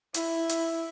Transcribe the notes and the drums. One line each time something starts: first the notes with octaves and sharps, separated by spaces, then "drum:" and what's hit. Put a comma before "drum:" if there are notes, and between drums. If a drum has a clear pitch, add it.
E4, drum: hi-hat
drum: hi-hat